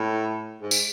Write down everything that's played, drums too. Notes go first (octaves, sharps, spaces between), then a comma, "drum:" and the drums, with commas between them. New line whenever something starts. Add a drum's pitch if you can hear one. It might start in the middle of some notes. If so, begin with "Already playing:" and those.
Already playing: A2
G#2
drum: tambourine